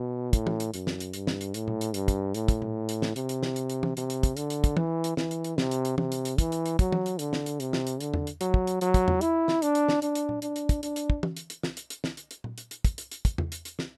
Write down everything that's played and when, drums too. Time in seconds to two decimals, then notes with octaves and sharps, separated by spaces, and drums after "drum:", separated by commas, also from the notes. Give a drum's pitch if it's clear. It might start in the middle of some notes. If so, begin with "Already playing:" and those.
Already playing: B2
0.33 A2, drum: kick, hi-hat
0.47 drum: tom
0.60 drum: hi-hat
0.74 F#2, drum: hi-hat
0.87 drum: snare
1.00 drum: hi-hat
1.13 G2, drum: hi-hat
1.27 drum: snare
1.41 drum: hi-hat
1.54 A2, drum: hi-hat
1.68 drum: tom A#2
1.81 drum: hi-hat
1.94 G2, drum: hi-hat
2.08 drum: kick, hi-hat
2.35 A2, drum: hi-hat
2.48 drum: kick, hi-hat
2.62 drum: tom A#2
2.89 drum: hi-hat
3.02 drum: snare
3.16 C3, drum: hi-hat
3.29 drum: hi-hat
3.43 drum: snare
3.56 drum: hi-hat
3.70 drum: hi-hat
3.83 drum: tom
3.97 C3, drum: hi-hat
4.10 drum: hi-hat
4.23 drum: kick, hi-hat
4.37 D3, drum: hi-hat
4.50 drum: hi-hat
4.64 drum: kick, hi-hat
4.77 E3, drum: tom
5.04 drum: hi-hat
5.17 E3, drum: snare
5.31 drum: hi-hat
5.44 drum: hi-hat
5.58 C3, drum: snare
5.71 drum: hi-hat
5.85 drum: hi-hat
5.98 C3, drum: tom
6.12 drum: hi-hat
6.25 drum: hi-hat
6.38 E3, drum: kick, hi-hat
6.52 drum: hi-hat
6.66 drum: hi-hat
6.79 F#3, drum: kick, hi-hat
6.92 drum: tom
7.06 drum: hi-hat
7.19 D3, drum: hi-hat
7.33 drum: snare
7.46 drum: hi-hat
7.60 C3, drum: hi-hat
7.73 drum: snare
7.87 drum: hi-hat
8.00 D3, drum: hi-hat
8.14 drum: tom E2
8.27 drum: hi-hat
8.41 F#3, drum: hi-hat
8.54 drum: kick
8.67 drum: hi-hat
8.81 F#3, drum: hi-hat
8.94 drum: kick, hi-hat
9.08 drum: tom E2
9.21 E4, drum: hi-hat
9.48 drum: snare
9.62 D4, drum: hi-hat
9.75 drum: hi-hat
9.89 drum: snare
10.02 D4, drum: hi-hat
10.15 drum: hi-hat
10.29 drum: tom A#2
10.42 D4, drum: hi-hat
10.56 drum: hi-hat
10.69 drum: kick, hi-hat
10.83 D4, drum: hi-hat
10.96 drum: hi-hat
11.10 drum: kick
11.23 drum: tom
11.37 drum: hi-hat
11.50 drum: hi-hat
11.63 drum: snare
11.77 drum: hi-hat
11.90 drum: hi-hat
12.04 drum: snare
12.17 drum: hi-hat
12.31 drum: hi-hat
12.44 drum: tom A#2
12.58 drum: hi-hat
12.71 drum: hi-hat
12.85 drum: kick, hi-hat
12.98 drum: hi-hat
13.11 drum: hi-hat
13.25 drum: kick, hi-hat
13.38 drum: tom E2
13.52 drum: hi-hat
13.65 drum: hi-hat
13.79 drum: snare